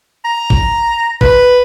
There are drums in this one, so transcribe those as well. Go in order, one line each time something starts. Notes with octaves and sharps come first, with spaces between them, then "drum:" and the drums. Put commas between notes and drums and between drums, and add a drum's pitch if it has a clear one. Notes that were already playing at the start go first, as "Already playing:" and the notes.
A#5
drum: kick G#1
B4, drum: kick G#1